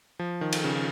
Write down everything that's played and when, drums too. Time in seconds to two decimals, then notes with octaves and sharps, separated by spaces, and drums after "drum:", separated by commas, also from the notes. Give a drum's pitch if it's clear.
0.19 F3
0.41 D#3
0.52 drum: cymbal
0.64 C#3